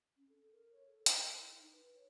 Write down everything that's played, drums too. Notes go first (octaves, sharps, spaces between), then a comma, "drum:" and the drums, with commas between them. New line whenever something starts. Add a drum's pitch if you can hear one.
C#4
A4
A#4
C#5
A4
A#4, drum: hi-hat
A#4
E4
D#4
B4
C#5